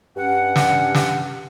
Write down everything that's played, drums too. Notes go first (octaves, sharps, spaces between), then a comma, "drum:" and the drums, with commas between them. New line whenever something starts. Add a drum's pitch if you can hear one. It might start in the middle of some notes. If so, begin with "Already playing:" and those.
G2 C#4 F#5
drum: snare
drum: snare